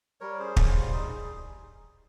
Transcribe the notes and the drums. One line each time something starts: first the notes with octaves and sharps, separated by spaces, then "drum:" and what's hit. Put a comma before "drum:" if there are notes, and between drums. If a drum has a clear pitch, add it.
G3 A#4 C#5
C#4 G#4 C5
F4, drum: kick
G3
D#4 G#4